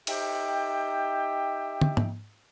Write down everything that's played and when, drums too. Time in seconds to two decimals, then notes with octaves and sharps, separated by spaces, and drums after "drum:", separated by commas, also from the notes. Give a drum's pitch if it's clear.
0.07 D#4 G4 E5 G5, drum: cymbal
1.81 drum: tom
1.97 drum: tom G#2